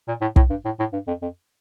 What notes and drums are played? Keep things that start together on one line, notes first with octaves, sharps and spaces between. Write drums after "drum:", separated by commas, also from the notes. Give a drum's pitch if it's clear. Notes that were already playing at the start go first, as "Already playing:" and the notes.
A#2
A2
A2, drum: kick
G2
A2
A2
G2
F2
F2